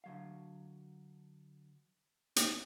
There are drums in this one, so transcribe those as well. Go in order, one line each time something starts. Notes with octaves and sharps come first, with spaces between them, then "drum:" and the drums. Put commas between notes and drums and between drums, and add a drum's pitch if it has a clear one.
D3 F#3 F5
drum: hi-hat